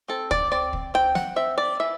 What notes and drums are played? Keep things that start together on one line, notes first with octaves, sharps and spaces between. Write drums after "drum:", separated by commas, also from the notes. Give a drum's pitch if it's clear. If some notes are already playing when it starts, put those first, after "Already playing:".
C4 A4
D5, drum: kick
C4 D5
drum: kick
C4 G5
F#5, drum: snare
C4 E5
D5
E3 E5